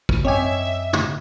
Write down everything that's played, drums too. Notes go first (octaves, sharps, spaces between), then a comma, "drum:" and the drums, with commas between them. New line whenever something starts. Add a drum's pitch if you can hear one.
drum: kick
F#2 C4 C#5 D#5 E5 G5 G#5 D6
drum: tom